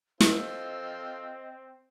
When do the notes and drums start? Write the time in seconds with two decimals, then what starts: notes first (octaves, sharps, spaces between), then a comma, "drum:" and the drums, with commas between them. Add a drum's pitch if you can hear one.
0.20 C4 F4 A4 C5 D#5 E6, drum: snare